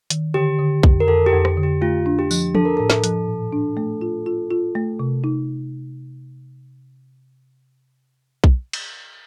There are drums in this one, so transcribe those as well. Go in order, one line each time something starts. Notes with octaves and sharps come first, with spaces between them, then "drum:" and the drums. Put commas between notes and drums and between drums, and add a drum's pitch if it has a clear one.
D#3, drum: hi-hat
D3 G4
D3
F2, drum: kick B1
A#4
F2 A4
G4
F2
G4, drum: rim click
D3
G4
A3 F4
D4
G4
F3, drum: tambourine
D4 A4, drum: tom
A#4
A2 A4
drum: snare
F3, drum: hi-hat
A#2
D4
A3
F4
F4
F4
A3
C3
D#4
drum: kick B1
drum: cymbal